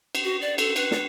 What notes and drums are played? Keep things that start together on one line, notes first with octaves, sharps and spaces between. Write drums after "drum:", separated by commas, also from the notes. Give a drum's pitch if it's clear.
drum: cymbal
F#4
D5
A4, drum: cymbal
B4, drum: cymbal
drum: snare